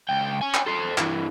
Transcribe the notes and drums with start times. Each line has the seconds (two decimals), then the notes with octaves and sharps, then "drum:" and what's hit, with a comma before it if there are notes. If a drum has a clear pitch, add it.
0.09 C#2 G5
0.41 C#5 G#5
0.54 drum: clap
0.67 A4 C5
0.98 G2 E3, drum: clap